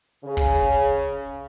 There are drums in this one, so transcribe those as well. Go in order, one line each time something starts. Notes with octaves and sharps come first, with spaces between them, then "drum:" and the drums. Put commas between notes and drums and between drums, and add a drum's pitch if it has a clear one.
C#3
drum: kick